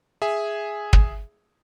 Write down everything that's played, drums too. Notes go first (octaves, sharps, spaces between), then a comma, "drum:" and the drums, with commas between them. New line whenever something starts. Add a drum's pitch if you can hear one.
G#4 E5 G#5
drum: kick